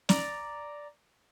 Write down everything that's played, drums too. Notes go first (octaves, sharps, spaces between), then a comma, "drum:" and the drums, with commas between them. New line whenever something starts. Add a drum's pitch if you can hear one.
D5 A#5, drum: snare